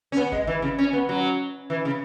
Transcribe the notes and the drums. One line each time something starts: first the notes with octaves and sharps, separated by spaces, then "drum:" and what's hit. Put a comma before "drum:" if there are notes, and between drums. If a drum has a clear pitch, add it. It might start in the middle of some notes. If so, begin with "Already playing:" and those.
C#4
B3
G#3, drum: kick G#1
E3
C#3
C#4
B3
F#3
E3
C#3